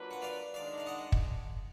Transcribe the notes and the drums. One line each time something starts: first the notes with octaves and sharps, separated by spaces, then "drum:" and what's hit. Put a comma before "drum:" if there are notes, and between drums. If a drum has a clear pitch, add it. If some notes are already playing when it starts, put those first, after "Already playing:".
Already playing: F#3 A#3 D4 F4 B4
F#5
D5 F5
D#3 G#3 D4 D5 F5
F5
D#5 F#5
drum: kick